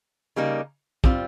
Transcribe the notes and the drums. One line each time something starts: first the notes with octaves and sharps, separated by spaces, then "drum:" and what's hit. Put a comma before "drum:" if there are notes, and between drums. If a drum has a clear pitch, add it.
C#3 G3 A#3 D#4
G3 C4 F4, drum: kick